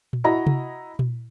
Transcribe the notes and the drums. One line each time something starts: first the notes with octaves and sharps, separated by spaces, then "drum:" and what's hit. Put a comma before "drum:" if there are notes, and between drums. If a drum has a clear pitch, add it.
drum: tom A#2
E4 F#4 D#5 A#5 B5
drum: tom C3
drum: tom A#2